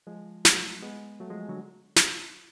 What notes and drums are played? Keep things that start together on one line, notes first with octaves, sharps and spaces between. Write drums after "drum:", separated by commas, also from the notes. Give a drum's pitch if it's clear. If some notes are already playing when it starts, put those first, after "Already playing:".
F3 G#3
F#3 A3, drum: snare
G#3 B3
F#3 A3
F3 G#3
D3 F#3
drum: snare